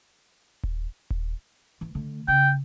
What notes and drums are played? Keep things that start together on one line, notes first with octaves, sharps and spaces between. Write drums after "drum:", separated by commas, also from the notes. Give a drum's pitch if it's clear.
drum: kick D#1
drum: kick D#1
E3
D3 A3
C#3 G5